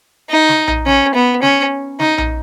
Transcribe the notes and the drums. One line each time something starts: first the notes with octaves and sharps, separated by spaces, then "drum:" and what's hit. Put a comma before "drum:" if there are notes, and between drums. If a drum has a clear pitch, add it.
D#4
drum: snare
drum: tom A#1
C#4, drum: snare
B3
C#4, drum: snare
D#4, drum: snare
drum: tom A#1